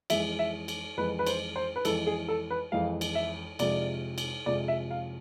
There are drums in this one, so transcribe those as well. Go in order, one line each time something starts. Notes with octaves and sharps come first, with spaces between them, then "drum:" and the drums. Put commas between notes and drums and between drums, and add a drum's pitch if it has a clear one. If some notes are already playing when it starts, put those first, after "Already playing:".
F2 E3 G#3 E5, drum: cymbal
E5
drum: cymbal
F2 E3 G#3 B4
B4
C5, drum: cymbal
C5
B4
F2 E3 G#3 A4, drum: cymbal
G#4
A4
B4
F2 E3 G#3 F5
drum: cymbal
E5
F2 C3 F3 G#3 D5, drum: cymbal
drum: cymbal
F2 C3 F3 G#3 D5
E5
F5